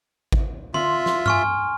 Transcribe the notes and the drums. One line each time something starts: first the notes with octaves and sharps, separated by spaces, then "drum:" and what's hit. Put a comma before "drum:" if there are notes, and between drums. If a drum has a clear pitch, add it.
drum: kick G#1
F4 E5 C6, drum: tom D3
drum: snare
G#5 C#6 F6, drum: tom G2